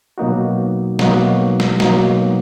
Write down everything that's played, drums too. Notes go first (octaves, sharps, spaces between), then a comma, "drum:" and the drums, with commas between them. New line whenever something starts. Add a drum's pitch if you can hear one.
B2 F#3 A#3 D#4 F#4
B2 F#3 A#3 D#4 F#4, drum: snare
drum: snare
B2 F#3 A#3 D#4 F#4, drum: snare